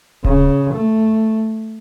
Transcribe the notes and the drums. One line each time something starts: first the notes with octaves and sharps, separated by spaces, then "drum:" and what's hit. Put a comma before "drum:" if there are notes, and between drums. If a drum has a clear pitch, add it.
C#3, drum: kick D1
A3